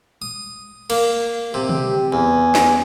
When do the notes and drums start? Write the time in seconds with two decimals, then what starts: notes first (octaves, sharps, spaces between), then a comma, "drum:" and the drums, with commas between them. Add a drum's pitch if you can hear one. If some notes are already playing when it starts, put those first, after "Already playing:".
0.22 D#6
0.90 A#3, drum: cymbal
1.54 C3 G4
1.69 drum: tom
2.12 E2 G#5
2.55 drum: snare